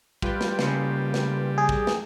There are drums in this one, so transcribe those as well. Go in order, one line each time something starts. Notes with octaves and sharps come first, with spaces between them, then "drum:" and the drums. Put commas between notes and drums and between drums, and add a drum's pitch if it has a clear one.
G3 F4 B4 G5, drum: kick
drum: snare
C#3 A#3 C#4, drum: snare
drum: snare
G#4
drum: kick
drum: snare